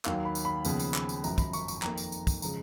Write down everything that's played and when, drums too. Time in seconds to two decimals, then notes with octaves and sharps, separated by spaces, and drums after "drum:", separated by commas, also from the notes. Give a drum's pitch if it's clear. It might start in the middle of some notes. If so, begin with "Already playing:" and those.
0.05 D#2 D#3 F#3 A#3 F5, drum: clap
0.25 B5
0.35 drum: tambourine
0.45 B5
0.65 D#2 C#3 F3 B3, drum: tambourine
0.79 drum: tambourine
0.94 drum: clap
1.09 drum: tambourine
1.24 G#1 F#2 F3 A#5, drum: tambourine
1.38 B5, drum: kick, tambourine
1.53 C#6, drum: tambourine
1.68 C#6, drum: tambourine
1.82 F2 D#3 A#3 A#5, drum: clap
1.97 drum: tambourine
2.12 drum: tambourine
2.27 drum: kick, tambourine
2.42 C#3 F3 G#3 A#5, drum: tambourine